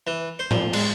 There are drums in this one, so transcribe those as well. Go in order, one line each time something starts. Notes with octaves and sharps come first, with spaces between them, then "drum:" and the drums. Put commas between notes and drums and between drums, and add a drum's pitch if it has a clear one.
E3
C5
F3, drum: tom A2
G#3, drum: cymbal